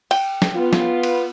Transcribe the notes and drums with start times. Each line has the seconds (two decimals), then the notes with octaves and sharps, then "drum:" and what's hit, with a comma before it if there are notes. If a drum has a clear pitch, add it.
0.11 G5, drum: cymbal
0.42 drum: snare
0.55 B3 F4
0.73 drum: snare
1.03 drum: cymbal